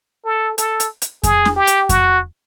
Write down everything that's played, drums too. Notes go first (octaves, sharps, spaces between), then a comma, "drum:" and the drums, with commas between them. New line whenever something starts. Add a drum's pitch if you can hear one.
A4
A4, drum: hi-hat
drum: hi-hat
drum: hi-hat
G#4, drum: kick F2, hi-hat
drum: snare
G4
drum: hi-hat
F#4, drum: kick F2, hi-hat